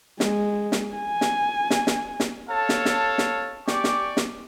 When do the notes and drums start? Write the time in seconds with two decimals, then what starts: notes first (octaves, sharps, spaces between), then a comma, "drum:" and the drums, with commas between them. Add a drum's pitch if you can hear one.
0.20 G#3, drum: snare
0.72 drum: snare
0.95 G#5
1.21 drum: snare
1.70 drum: snare
1.87 drum: snare
2.20 drum: snare
2.49 A4 C#5 F5 A5
2.69 drum: snare
2.85 drum: snare
3.18 drum: snare
3.68 G4 D5 G#5 C#6 D6, drum: snare
3.84 drum: snare
4.17 drum: snare